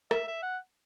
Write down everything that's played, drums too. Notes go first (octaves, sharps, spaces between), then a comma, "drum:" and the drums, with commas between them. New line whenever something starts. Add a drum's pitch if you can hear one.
E5, drum: rim click
E5
F#5